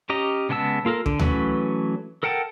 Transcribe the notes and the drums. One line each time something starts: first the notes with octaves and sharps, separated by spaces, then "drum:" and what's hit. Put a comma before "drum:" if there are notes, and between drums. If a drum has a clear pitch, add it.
C#4 G4 D#5 A#5
C#3 G#3 B3 A5 E6
A#3 F4 A4 A#4
D3, drum: kick
E3 F#3 A3 C#4 B4, drum: tom D2
A4 A#4 F#5 G5 A5